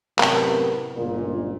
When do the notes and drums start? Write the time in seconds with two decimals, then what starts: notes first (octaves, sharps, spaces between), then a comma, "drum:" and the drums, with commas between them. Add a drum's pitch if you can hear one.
0.19 F#2 A2 C3 B3 A#4, drum: clap
0.96 G1 C#2 A#2